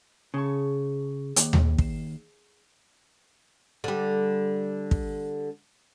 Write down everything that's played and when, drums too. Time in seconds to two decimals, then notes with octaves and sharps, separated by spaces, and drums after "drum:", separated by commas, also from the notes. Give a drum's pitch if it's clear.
0.34 C#3 G#4 A5 C#6
1.36 D#2, drum: hi-hat
1.53 drum: tom D#2
1.78 C7 E7, drum: kick
3.84 D3 G3
4.91 drum: kick